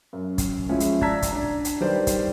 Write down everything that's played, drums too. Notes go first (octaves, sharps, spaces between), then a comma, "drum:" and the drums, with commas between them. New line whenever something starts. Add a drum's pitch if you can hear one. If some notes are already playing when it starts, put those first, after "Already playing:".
F#2
drum: kick, hi-hat
F3 G#3 C#4 E4
drum: hi-hat
D5 A5 A#5 E6 G#6 B6, drum: kick
drum: kick, hi-hat
D4
drum: hi-hat
D#3 G3 G4 B4 C5 D5
drum: kick, hi-hat